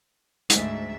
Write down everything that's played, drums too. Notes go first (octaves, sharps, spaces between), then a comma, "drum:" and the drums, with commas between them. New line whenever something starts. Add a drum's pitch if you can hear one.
D2 G#2 G#3 E5, drum: hi-hat